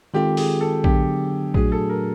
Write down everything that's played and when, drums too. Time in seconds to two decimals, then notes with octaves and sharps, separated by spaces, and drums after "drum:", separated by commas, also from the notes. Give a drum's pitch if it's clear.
0.14 D#3 G#3 C4 F4 G4 A4
0.37 G#4, drum: open hi-hat
0.61 A4
0.84 D3 F#3 B3 D4 G4, drum: kick A#1
1.54 A#2 F#3 A3 D4 F#4 G#4, drum: kick A#1
1.72 A4
1.90 A#4